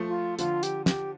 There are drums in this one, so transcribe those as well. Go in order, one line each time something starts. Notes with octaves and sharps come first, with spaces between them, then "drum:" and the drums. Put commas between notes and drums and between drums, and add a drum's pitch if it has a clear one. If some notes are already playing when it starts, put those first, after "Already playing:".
Already playing: F3 A3
F4
D3 F3 F4, drum: hi-hat
G4, drum: hi-hat
G4, drum: snare